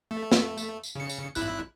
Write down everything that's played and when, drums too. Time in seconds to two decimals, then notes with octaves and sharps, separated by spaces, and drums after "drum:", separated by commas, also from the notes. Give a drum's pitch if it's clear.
0.11 A3
0.32 drum: snare
0.57 drum: tambourine
0.83 drum: tambourine
0.95 C#3 C#7
1.09 drum: tambourine
1.35 G#1 E4 F#6, drum: tambourine